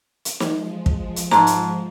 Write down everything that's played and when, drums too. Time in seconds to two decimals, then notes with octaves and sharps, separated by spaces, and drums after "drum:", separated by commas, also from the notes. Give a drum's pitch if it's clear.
0.25 drum: hi-hat
0.40 drum: snare
0.50 F3 G#3
0.86 drum: kick
1.16 drum: hi-hat
1.31 G#2 A5 A#5 C6, drum: snare
1.47 drum: hi-hat